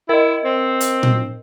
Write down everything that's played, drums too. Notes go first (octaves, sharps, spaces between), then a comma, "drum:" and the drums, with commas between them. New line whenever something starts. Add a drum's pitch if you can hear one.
E4 A#4 D#5
C4
drum: hi-hat
drum: tom A#2